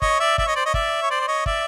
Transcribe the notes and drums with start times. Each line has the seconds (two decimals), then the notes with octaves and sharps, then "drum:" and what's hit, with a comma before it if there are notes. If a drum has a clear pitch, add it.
0.02 C#5 D#5, drum: kick
0.20 D5 E5
0.38 D5 E5, drum: kick
0.46 C#5 D#5
0.56 C5 D5
0.65 C#5 D#5
0.74 D5 E5, drum: kick
1.02 C#5
1.10 C5 D5
1.20 D5
1.28 C#5 D#5
1.46 D5 E5, drum: kick